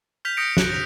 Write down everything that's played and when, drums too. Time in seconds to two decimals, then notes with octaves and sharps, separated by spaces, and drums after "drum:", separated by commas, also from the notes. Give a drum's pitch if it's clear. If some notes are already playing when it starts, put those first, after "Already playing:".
0.25 F6 G6 B6 F7
0.37 D#6 G6 A#6 B6 C#7 D7
0.57 F#6, drum: snare
0.70 A#6 F7